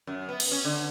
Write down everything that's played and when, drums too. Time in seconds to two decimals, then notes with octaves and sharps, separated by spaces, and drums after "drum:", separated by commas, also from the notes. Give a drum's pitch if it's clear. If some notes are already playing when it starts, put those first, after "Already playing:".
0.07 F#2
0.29 B3
0.40 drum: cymbal
0.51 C#4
0.65 D3